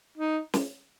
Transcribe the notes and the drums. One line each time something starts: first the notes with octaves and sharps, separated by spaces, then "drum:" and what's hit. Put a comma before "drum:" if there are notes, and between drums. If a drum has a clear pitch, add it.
D#4
drum: snare